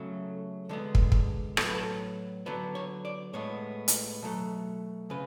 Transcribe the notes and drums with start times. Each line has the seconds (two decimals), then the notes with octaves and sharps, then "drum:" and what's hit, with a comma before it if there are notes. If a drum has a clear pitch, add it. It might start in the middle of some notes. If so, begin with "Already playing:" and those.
Already playing: C#3 F#3 A3 A4
0.69 D3 G#3 B3
0.95 drum: kick
1.12 drum: kick
1.57 A2 F#3 B3 A4, drum: rim click
1.66 B4
1.75 A4
2.46 D3 F#3 B3 B4
2.75 C#5
3.05 D5
3.33 A2 G#3 B3 C#5
3.88 drum: hi-hat
4.22 B2 F#3 A3
5.10 C#3 B4